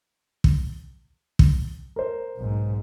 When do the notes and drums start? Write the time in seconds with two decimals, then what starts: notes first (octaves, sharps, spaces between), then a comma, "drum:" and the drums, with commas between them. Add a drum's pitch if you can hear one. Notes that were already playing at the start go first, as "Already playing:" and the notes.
0.44 drum: kick
1.39 drum: kick
1.96 A#4 C5
2.37 B1 G#2